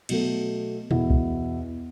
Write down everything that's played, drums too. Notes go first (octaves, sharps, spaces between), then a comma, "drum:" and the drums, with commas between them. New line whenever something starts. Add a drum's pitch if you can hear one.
B2 F#3 A3, drum: cymbal
E2 B2 B3 E4, drum: tom A#2
drum: kick C#2